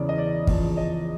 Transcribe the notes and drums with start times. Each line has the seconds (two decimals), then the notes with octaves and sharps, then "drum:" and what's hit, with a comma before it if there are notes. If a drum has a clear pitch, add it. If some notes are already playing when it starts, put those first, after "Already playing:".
Already playing: E2 C#3 E3 D5
0.09 D#5
0.18 D5
0.47 E2 C#3 F3, drum: kick
0.77 D#5